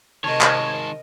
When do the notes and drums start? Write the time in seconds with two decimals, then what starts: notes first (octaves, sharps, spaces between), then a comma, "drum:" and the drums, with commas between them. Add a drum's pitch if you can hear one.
0.24 C3 D#3 G#3 A#4 C#5 D#5 A5
0.41 drum: clap